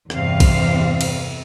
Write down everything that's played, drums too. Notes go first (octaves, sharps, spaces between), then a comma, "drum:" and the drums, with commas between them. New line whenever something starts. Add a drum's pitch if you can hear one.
E2 G2 C3 C4 F5, drum: rim click
drum: kick A#1, cymbal
drum: cymbal